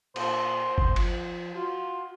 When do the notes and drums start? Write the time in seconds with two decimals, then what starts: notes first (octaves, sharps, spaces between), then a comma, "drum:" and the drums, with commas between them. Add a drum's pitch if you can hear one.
0.16 A#2 C5, drum: cymbal
0.78 drum: kick
0.96 F3, drum: cymbal
1.55 F4 F#4